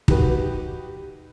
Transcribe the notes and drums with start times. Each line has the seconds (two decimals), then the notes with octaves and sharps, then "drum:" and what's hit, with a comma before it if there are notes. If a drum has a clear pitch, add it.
0.08 D#4 F#4 G4 B4, drum: kick